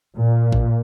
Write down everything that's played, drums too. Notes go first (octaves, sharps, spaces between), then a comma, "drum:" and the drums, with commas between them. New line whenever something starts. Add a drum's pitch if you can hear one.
A#2
drum: kick A1